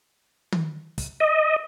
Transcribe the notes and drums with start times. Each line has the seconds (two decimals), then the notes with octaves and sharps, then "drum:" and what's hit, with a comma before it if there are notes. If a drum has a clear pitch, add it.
0.52 drum: tom D#3
0.98 drum: kick, hi-hat
1.20 D#5